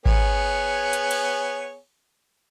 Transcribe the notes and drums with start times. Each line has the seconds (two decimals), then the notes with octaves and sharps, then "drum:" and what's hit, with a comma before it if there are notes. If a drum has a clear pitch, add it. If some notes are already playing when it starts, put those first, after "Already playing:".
0.06 B3 G#4 C#5, drum: kick G#1
0.93 drum: hi-hat
1.11 drum: cymbal